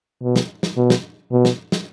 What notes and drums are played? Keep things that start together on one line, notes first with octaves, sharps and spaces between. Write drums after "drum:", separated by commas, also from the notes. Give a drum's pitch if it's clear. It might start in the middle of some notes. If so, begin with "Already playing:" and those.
B2
drum: snare
drum: snare
B2
drum: snare
B2
drum: snare
drum: snare